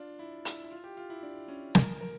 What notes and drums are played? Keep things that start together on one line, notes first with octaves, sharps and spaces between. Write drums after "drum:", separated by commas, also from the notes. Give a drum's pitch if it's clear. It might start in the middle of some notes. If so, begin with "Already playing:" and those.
Already playing: D4 F4
E4
E4, drum: hi-hat
E4
F4
G4
F4
E4
D4
C#4
A#4, drum: snare
A#4